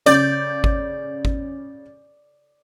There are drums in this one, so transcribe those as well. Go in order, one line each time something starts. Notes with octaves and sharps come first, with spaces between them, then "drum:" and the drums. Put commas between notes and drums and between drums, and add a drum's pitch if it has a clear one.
C#3 D5 G6, drum: hi-hat
drum: kick G#1
drum: kick G#1